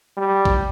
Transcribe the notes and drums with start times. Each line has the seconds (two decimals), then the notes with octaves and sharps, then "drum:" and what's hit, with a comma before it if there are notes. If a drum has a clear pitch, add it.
0.17 G3
0.45 drum: kick A#1